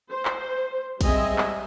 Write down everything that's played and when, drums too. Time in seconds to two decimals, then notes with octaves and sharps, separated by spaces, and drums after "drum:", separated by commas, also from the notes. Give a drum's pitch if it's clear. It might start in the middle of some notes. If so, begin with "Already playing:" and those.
0.11 C5
0.25 drum: clap
1.01 G3 G#3 C4 D#5 E5 G#5, drum: kick, cymbal
1.38 drum: clap